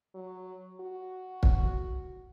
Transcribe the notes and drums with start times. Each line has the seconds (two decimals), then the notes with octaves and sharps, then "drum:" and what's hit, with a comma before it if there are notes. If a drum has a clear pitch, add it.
0.15 F#3
0.80 F#4
1.43 drum: kick